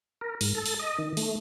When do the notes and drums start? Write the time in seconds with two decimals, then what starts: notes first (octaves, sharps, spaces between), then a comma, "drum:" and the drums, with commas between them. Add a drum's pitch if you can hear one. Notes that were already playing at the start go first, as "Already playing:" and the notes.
0.21 A#4
0.41 G#2, drum: open hi-hat
0.55 A4
0.66 drum: open hi-hat
0.79 D#5
0.98 D#3
1.17 A3, drum: open hi-hat